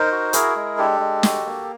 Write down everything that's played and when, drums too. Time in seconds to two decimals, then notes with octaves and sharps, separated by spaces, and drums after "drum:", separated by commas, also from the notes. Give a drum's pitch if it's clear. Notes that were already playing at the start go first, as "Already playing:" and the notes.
Already playing: D#4 A#4 C5
0.12 F#4
0.33 E4 G#4 A#4, drum: hi-hat
0.56 G#3
0.78 D4 G4 A4
1.00 G#3
1.23 F#4, drum: snare
1.45 A#3